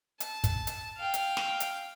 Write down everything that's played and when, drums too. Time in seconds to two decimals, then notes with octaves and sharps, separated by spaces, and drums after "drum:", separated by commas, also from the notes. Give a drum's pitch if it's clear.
0.20 A5, drum: hi-hat
0.44 drum: kick, hi-hat
0.67 drum: hi-hat
0.97 F5 G5
1.14 drum: hi-hat
1.37 drum: snare
1.60 drum: hi-hat